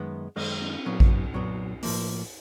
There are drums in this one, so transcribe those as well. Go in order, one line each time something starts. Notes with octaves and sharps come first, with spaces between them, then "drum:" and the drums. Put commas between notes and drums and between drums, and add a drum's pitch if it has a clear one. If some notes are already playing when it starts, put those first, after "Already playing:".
Already playing: F#2 D#3 G#3 B3 D#4
F#2 D#3 G#3 B3 D#4, drum: cymbal
drum: cymbal
A#2 F#3 B3
drum: kick A1
A#2 F#3 B3
A2 F3 A#3, drum: open hi-hat